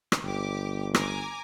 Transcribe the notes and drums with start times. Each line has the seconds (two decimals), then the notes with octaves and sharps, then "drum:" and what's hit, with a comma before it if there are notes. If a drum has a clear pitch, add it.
0.12 drum: rim click
0.23 G1 G4 D6
0.94 G#5 A#5 D6, drum: rim click